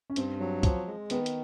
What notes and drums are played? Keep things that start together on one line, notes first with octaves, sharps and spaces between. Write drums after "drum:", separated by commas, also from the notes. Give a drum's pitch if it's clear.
C#4
G2 C4, drum: hi-hat
F#3
F3, drum: kick, hi-hat
G#3
D#3 B3, drum: hi-hat
drum: hi-hat